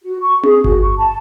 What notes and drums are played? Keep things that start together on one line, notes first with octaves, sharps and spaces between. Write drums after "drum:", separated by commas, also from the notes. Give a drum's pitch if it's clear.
F#4
C#6
G#4, drum: tom C4
F#4, drum: kick G1
C#6
A5